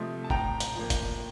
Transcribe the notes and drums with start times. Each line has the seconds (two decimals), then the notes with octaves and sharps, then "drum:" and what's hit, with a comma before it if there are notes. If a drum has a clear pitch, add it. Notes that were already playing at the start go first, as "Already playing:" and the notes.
Already playing: C3 F3 A3 D#5
0.24 A5
0.30 A2 G5 A#5, drum: kick
0.60 drum: hi-hat
0.75 F3 A#3
0.90 drum: kick, hi-hat